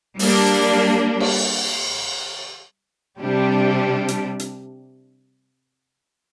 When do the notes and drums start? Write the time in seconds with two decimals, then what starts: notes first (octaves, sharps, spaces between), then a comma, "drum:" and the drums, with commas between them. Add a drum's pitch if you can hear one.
0.19 G3 A#3 D4, drum: open hi-hat
1.20 drum: cymbal
3.19 C3 G3 D4 G4
4.08 drum: hi-hat
4.39 drum: hi-hat